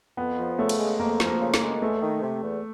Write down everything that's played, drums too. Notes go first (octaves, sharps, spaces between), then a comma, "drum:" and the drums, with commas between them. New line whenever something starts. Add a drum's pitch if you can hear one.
F2 B3
F3
C#3 A3
drum: cymbal
G#3
F2 A#3
F3, drum: snare
A#3
C#3
A#3, drum: snare
G#3
E2 A3
D#3
C3
E2